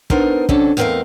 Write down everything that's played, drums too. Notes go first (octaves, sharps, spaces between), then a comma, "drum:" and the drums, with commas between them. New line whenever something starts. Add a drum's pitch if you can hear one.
B3 D4 D#4 A#4 C5, drum: kick
C3 F#3 C#4 D4 A4, drum: kick
E2 A3 C4 A#4 D#5 F5